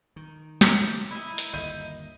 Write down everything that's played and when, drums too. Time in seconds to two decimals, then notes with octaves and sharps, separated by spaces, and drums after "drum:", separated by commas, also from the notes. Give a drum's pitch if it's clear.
0.16 D#3
0.61 drum: snare
1.11 D#4 E4
1.38 drum: hi-hat
1.53 G1 D#2 D#5 G6 D#7